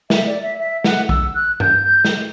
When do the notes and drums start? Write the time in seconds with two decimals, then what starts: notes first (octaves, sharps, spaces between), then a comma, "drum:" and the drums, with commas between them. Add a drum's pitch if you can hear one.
0.10 E5, drum: snare
0.27 D5
0.43 E5
0.60 E5
0.84 F#5, drum: snare
1.09 E6, drum: kick
1.35 F#6
1.60 G6, drum: tom G2
1.84 G6
2.05 drum: snare